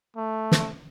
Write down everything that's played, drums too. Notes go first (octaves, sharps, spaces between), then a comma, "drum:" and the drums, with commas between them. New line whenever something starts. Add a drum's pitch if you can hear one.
A3
drum: snare